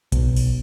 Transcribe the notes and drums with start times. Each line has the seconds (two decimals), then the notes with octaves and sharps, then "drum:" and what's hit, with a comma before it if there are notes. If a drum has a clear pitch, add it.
0.12 B1, drum: kick A1, hi-hat
0.36 drum: open hi-hat